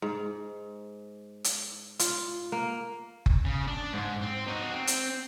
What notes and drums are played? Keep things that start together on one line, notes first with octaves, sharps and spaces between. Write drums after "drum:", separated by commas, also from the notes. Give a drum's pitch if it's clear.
G#2
drum: hi-hat
F4, drum: hi-hat
A#3
drum: kick F#1
C#3
D4
G#2
C4
D#4 F#4
C4
drum: hi-hat